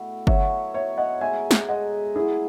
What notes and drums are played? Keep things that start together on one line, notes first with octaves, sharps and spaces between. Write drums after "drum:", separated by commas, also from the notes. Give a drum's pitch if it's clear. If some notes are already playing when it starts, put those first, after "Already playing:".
Already playing: B2 A3 E4
F#3 B3 F#4 C#5 E5, drum: kick G1
F#3 B3 F#4 C#5 E5
D#5 F#5
B2 G#3 D#4 A4 E5 G#5
drum: snare
B2 G#3 D#4 A4 D#5 F#5
F#3 A3 C#4 E4 G#4